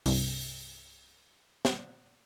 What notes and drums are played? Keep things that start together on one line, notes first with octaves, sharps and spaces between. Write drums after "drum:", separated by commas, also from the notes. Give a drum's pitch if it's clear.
C2 G2, drum: open hi-hat
drum: snare